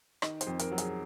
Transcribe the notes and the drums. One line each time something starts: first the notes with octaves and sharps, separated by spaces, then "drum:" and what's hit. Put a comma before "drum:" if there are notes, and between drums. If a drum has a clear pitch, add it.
D#3 D#5, drum: rim click
C5, drum: hi-hat
F2
A#4, drum: hi-hat
F#3
G#4, drum: hi-hat